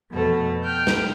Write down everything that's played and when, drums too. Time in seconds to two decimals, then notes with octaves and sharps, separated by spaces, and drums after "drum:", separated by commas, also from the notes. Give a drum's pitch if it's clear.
0.10 F2 B2 A3 A4
0.64 G5 F6 G6
0.87 drum: snare